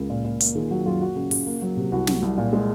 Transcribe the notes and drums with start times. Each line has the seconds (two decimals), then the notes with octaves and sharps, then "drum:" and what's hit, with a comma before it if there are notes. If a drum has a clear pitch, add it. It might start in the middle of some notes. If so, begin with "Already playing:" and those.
Already playing: C#2 A#4
0.10 A#2
0.25 A#2
0.40 A#3, drum: hi-hat
0.55 D#3 F4 G#4
0.71 F#3 F#4
0.85 F#2 F4 G#4
1.01 A#3 F#4
1.16 C#3
1.31 C#3, drum: open hi-hat
1.46 A#3
1.62 F#3
1.77 C3
1.92 C2 F#4
2.07 F#3, drum: snare
2.22 C2
2.38 A#2
2.53 G#3